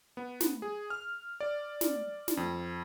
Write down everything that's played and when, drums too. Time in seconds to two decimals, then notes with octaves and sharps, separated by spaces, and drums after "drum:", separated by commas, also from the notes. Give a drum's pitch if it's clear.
0.17 B3
0.40 drum: snare
0.62 G#4
0.90 F6
1.40 D5
1.81 drum: snare
2.28 drum: snare
2.37 F2